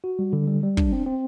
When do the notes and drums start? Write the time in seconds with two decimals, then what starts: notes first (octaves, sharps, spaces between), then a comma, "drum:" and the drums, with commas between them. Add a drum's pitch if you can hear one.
0.04 F#4
0.19 G3
0.33 D3
0.47 G3
0.63 G3
0.77 D4, drum: kick
0.92 C4
1.06 C4